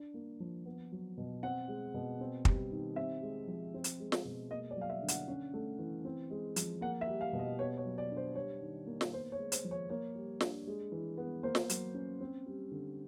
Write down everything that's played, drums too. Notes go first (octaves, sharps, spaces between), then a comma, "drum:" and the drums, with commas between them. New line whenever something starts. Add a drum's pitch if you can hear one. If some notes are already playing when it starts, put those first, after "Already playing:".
Already playing: D4
A#3
F3
B3
F#3
B2
C4 F#5
G#3
B2
C4
G3, drum: kick
D#3
C4 E5
G#3
F3
C4
drum: hi-hat
G#3
drum: snare
B2
A#3 D#5
D5
F#3
F5
E5
D3
F#5, drum: hi-hat
C#4
A3
E3
C4
G#3
F3, drum: hi-hat
A#3 F#5
E5
G3
F5
B2
D#5
B3 C#5
C#5
F#3
D5
D4
C5
G3 C#5
D#3
A#3
drum: snare
B3 C5
C#5
G#3
C5, drum: hi-hat
F3
C#5
A#3 C#5
G3
D4, drum: snare
G#3
E3
B3
A#3 C5
drum: snare
F#3, drum: hi-hat
C#4
C4
G3
D3